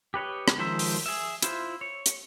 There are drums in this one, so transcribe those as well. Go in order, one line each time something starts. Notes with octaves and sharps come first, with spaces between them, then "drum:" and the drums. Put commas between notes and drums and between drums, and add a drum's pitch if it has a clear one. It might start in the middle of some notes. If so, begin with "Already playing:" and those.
G4 B4 C#5 D#5
drum: rim click
D#3 F3 G#3 C5 E5
drum: open hi-hat
G#4 E5
E4 F4 C5 E5, drum: hi-hat
C#5
drum: hi-hat